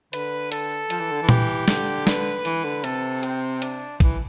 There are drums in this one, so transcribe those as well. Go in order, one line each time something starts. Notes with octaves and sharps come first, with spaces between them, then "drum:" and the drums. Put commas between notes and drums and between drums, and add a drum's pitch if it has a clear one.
D3 B4, drum: hi-hat
A4, drum: hi-hat
F3, drum: hi-hat
E3
D3
E3
G4, drum: tom A#2
D3, drum: snare
B4, drum: snare
E3, drum: hi-hat
D3
C3 A4, drum: hi-hat
C4, drum: hi-hat
D4, drum: hi-hat
E3, drum: kick, hi-hat